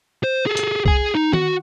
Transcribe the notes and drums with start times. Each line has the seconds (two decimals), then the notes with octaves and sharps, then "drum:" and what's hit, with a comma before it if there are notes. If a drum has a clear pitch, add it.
0.24 C5
0.46 G#4 A4
0.57 drum: hi-hat
0.86 G#4 G#5, drum: kick C2
1.15 D#4
1.33 F#4, drum: tom D#3